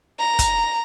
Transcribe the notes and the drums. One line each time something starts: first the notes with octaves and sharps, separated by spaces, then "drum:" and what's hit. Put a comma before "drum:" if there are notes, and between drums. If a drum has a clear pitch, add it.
A#5
drum: kick, hi-hat